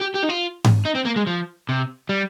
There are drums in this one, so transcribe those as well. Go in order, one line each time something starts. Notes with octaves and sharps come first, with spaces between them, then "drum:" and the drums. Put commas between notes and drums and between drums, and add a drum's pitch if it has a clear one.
G4
G4
D#4
F4
drum: tom G#2
D#4
C4
A#3
G#3
F3
C3
G3